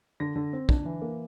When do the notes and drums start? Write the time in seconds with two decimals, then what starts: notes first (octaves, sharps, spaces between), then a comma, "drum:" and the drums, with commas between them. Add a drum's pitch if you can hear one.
0.20 D3 A#6
0.36 D3
0.53 C4
0.69 D4, drum: kick
0.85 E3
1.02 A#3